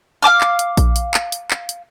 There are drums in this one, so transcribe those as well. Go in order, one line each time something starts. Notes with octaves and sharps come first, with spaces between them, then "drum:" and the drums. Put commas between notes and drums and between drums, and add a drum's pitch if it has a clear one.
F5 A5 D6 F6
drum: clap
drum: hi-hat
drum: kick A#1, hi-hat
drum: hi-hat
drum: clap
drum: hi-hat
drum: clap
drum: hi-hat